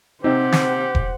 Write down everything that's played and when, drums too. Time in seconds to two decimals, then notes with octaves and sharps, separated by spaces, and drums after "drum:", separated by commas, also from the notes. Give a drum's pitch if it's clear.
0.24 C3 C4 D#4 G4 C5 F#5
0.52 drum: snare
0.95 drum: kick